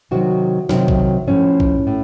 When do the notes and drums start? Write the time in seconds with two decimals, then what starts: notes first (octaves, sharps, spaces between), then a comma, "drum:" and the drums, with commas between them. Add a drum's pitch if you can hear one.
0.11 C3 D#3 F#3 F#4
0.69 C3 D#3 F#3, drum: snare
0.88 drum: kick
1.28 A2 F3 C#4
1.60 drum: kick
1.87 A2